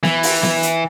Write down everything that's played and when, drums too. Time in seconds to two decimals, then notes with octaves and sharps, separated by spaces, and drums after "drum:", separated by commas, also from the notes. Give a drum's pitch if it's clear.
0.03 E3, drum: snare B3
0.23 drum: open hi-hat
0.43 drum: snare B3
0.63 drum: hi-hat